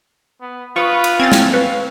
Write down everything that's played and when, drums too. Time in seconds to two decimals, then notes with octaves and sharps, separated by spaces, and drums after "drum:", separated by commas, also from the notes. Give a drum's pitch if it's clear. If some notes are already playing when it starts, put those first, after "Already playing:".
0.41 B3
0.76 F4 B4 C#6 D#6
1.04 drum: cymbal
1.20 C4 C#4 G#6 A6
1.32 drum: snare
1.53 B4 F5 C#6